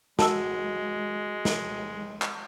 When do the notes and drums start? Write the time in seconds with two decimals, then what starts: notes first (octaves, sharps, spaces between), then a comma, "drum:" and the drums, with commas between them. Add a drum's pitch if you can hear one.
0.19 G#3 F#4 A5 E6, drum: snare
1.45 drum: snare
2.22 drum: clap